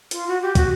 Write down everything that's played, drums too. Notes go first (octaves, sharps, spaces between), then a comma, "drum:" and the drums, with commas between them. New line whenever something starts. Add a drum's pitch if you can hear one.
F4, drum: hi-hat
F#4
G4
F#4, drum: kick, hi-hat